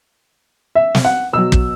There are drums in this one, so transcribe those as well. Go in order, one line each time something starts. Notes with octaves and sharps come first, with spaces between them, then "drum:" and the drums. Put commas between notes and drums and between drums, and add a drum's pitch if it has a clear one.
E5
drum: snare
F#5
B2 F#3 E6
drum: kick